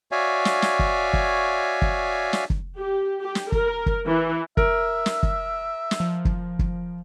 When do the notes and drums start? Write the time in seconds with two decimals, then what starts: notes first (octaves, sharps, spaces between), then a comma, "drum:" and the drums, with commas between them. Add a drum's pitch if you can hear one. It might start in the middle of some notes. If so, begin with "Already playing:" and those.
0.11 F#4 C#5 D5 E5 F5 G#5
0.45 drum: snare
0.62 drum: snare
0.79 drum: kick
1.13 drum: kick
1.82 drum: kick
2.33 drum: snare
2.50 drum: kick
2.78 G4
3.21 G4
3.35 drum: snare
3.52 A#4, drum: kick
3.86 drum: kick
4.08 E3
4.57 A#4 E5, drum: kick
5.06 drum: snare
5.23 drum: kick
5.91 drum: snare
6.00 F3
6.25 drum: kick
6.59 drum: kick